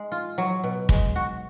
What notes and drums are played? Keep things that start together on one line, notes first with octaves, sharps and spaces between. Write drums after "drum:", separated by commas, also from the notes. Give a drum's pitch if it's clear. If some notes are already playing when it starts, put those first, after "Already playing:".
Already playing: G#3
F4
F#3
B2
G#3, drum: kick
F#4